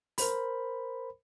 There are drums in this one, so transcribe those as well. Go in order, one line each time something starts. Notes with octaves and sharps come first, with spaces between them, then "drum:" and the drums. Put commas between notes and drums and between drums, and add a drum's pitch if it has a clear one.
A#4 C5 B5, drum: open hi-hat